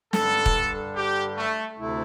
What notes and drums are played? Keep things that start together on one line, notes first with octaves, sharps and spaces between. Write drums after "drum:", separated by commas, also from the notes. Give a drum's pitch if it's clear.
G2 D3 G3 D4 A4, drum: snare
drum: kick
G4
A3
D2 C3 A3 E4